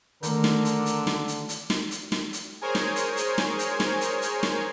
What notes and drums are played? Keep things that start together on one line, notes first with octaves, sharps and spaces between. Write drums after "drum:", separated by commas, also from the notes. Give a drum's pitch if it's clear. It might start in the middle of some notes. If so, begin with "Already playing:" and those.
D3 D#3 A3 A#4, drum: hi-hat
drum: snare
drum: hi-hat
drum: hi-hat
drum: snare
drum: hi-hat
drum: hi-hat
drum: snare
drum: hi-hat
drum: snare
drum: hi-hat
G#4 A#4 C5 C#5 G#5
drum: snare
drum: hi-hat
drum: hi-hat
drum: snare
drum: hi-hat
drum: snare
drum: hi-hat
drum: hi-hat
drum: snare